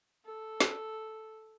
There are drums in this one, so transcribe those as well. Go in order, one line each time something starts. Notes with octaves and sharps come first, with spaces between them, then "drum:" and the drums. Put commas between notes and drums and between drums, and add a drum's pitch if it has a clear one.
A4
drum: snare